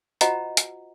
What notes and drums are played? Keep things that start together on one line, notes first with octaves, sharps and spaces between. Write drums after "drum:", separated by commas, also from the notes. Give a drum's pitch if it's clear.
F4 F#4 C5 D#5 F#5 A#5, drum: hi-hat
drum: hi-hat